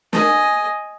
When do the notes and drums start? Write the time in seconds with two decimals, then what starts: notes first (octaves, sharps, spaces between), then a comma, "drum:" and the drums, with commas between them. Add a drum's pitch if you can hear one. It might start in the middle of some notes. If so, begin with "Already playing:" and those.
0.13 D#5 G#5, drum: snare